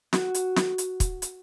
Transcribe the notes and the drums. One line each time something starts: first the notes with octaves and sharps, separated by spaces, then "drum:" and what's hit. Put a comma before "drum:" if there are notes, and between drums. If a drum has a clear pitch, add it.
F#4, drum: snare
drum: hi-hat
drum: snare
drum: hi-hat
drum: kick, hi-hat
drum: hi-hat